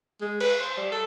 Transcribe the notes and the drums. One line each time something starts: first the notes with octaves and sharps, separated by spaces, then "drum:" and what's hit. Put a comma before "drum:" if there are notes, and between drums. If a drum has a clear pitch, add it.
G#3
B4, drum: cymbal
C5
G3
A4